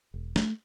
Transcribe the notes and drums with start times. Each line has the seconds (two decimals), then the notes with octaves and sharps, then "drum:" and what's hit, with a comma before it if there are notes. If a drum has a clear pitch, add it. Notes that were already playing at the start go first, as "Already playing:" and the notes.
0.14 E1
0.36 A3, drum: snare